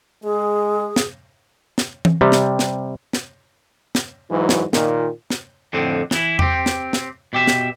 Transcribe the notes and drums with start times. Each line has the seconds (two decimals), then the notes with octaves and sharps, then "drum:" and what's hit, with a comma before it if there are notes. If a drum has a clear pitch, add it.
0.24 G#3 G#4
0.96 drum: snare
1.78 drum: snare
2.05 drum: tom E3
2.21 C3 G3
2.32 drum: snare
2.59 drum: snare
3.13 drum: snare
3.95 drum: snare
4.31 G#2 E3 F#3
4.49 drum: snare
4.73 A#2 D#3, drum: snare
5.30 drum: snare
5.73 F2 A2 D3 C4
6.11 E3 E4, drum: snare
6.39 C4 G4, drum: tom E2
6.66 drum: snare
6.93 drum: snare
7.33 B2 G4 E5
7.47 drum: snare